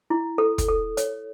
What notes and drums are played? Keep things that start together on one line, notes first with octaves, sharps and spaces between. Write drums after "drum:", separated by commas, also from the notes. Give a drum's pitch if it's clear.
E4
A4
drum: kick, hi-hat
A4
C#5, drum: hi-hat